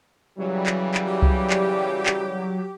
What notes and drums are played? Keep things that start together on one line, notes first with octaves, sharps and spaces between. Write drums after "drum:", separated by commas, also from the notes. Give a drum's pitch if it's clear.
C#3 E3 F#3 G3
drum: clap
drum: clap
G4
drum: kick C2
drum: clap
drum: clap